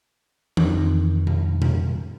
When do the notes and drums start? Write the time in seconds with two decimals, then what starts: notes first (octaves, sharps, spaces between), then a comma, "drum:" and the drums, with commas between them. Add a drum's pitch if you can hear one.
0.57 F2 D#3, drum: tom E3
1.27 drum: tom B2
1.62 drum: tom B2